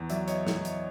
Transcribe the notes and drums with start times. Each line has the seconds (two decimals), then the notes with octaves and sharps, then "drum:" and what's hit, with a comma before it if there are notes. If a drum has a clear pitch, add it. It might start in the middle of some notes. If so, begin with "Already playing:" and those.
Already playing: E2
0.10 F#3 D5 E5, drum: hi-hat
0.28 C#5 D#5, drum: hi-hat
0.47 drum: snare
0.65 drum: hi-hat